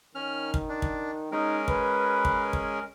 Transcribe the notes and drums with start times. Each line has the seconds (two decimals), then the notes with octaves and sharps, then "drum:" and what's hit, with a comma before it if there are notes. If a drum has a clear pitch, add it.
0.15 D#3 C#4 F6
0.54 drum: kick
0.69 D4
0.82 drum: kick
1.32 G#3 C#4 D#4 A#4
1.68 B4, drum: kick
2.25 drum: kick
2.53 drum: kick